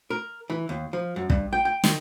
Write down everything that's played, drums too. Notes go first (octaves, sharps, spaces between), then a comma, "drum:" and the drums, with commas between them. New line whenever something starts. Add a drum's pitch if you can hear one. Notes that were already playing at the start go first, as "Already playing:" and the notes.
A#4
E3
D#2
F3
F#2
G2, drum: kick
G5
G5
D#3, drum: snare